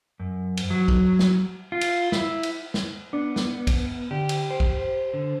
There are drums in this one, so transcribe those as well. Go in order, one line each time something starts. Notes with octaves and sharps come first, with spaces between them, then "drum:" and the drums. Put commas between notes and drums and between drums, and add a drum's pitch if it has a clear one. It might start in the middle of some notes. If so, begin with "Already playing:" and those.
F#2
drum: cymbal
F#3
drum: kick
drum: snare
F4
drum: cymbal
E4, drum: snare
drum: cymbal
drum: snare
B3 D4
drum: snare
drum: kick, cymbal
D3 G4
drum: cymbal
C5
drum: kick
D3